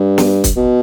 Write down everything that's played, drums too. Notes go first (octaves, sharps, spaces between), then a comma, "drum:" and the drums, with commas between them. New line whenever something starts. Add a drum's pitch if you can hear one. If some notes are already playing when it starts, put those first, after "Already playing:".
Already playing: G2
drum: snare
drum: kick, hi-hat
B2